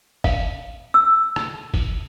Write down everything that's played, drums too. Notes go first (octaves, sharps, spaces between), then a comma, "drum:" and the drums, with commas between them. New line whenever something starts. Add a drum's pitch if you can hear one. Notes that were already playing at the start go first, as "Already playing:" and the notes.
F5, drum: kick, open hi-hat
E6
drum: rim click
drum: kick, open hi-hat